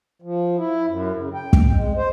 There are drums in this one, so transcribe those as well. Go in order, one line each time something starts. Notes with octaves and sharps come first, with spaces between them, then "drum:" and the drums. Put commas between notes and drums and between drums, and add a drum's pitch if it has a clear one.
F3
E4
F#2
C#3
G5
drum: kick
G#3
C5